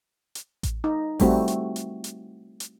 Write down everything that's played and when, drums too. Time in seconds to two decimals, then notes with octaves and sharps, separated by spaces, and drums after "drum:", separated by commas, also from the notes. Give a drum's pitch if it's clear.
0.35 drum: hi-hat
0.63 drum: kick A1, hi-hat
0.84 D#4
1.20 G3 A3 C4 F#4, drum: kick A1, open hi-hat
1.48 drum: hi-hat
1.76 drum: hi-hat
2.04 drum: hi-hat
2.60 drum: hi-hat